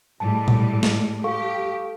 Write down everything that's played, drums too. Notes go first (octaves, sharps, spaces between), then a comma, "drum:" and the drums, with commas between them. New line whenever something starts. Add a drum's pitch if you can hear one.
A2 G3 G#3 A5
drum: tom A#2
drum: snare
G4 A4 F5 C#6